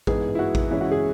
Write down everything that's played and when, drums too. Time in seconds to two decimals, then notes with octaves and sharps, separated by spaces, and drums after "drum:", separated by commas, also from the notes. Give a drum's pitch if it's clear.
0.07 G#2 E3 B3 G#4, drum: kick A1
0.35 E4
0.39 F#4
0.55 drum: kick A1
0.71 C#3 E3 G#3 C#4 E4
0.81 F#4
0.92 G#4